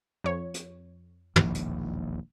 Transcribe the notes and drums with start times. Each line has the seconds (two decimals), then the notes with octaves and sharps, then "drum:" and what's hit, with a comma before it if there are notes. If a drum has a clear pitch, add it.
0.24 F2 C#5
0.54 drum: hi-hat
1.36 E1 A#1 D#2, drum: tom
1.55 drum: hi-hat